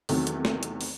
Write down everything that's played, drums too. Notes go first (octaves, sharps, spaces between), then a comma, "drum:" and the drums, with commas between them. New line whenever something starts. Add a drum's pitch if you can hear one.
E2 C3 D#3 F#3 A3, drum: open hi-hat
drum: hi-hat
drum: snare
drum: hi-hat
drum: open hi-hat